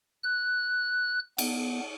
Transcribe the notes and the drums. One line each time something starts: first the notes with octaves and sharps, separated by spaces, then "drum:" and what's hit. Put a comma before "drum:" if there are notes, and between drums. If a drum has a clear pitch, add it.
F#6
B3, drum: cymbal